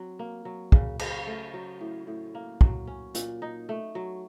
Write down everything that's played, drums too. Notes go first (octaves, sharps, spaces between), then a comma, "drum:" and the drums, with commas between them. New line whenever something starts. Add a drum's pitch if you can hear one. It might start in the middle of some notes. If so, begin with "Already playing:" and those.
Already playing: F#3 C4
A#3
F#3
C#3, drum: kick
C#3, drum: cymbal
A3
F#3
A2
A2
A#3
F#3, drum: kick
C#4
A#2, drum: hi-hat
D#4
A3
F#3